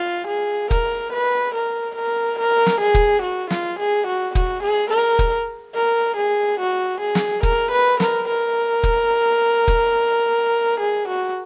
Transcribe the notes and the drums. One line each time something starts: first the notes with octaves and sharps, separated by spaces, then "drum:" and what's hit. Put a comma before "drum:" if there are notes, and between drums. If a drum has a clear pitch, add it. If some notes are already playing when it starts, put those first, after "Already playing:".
Already playing: F4
G#4
A#4, drum: kick
B4
A#4
A#4
A#4
drum: snare
G#4
drum: kick
F#4
F4, drum: snare
G#4
F#4
F#4, drum: kick
G#4
A#4
drum: kick
A#4
G#4
F#4
G#4
drum: snare
A#4, drum: kick
B4
A#4, drum: snare
A#4
drum: kick
drum: kick
G#4
F#4